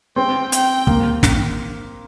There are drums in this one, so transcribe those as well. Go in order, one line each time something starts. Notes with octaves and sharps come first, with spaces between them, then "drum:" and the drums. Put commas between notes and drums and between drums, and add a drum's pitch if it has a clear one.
C4 G5
G5, drum: hi-hat
A#3, drum: kick
drum: snare